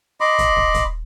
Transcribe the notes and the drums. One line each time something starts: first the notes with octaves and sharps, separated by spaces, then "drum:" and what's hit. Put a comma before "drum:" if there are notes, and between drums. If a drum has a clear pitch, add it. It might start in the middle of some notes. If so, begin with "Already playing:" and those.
D#5 B5 C6 D6
drum: kick, hi-hat
drum: kick
drum: kick, hi-hat